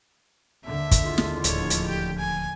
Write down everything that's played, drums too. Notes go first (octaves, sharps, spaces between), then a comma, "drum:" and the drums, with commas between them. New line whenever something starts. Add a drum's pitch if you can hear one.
D#2 D3 E5
drum: kick, hi-hat
G#3 E4 F4
drum: snare
D1 F3 C#5, drum: hi-hat
drum: hi-hat
G4
G#5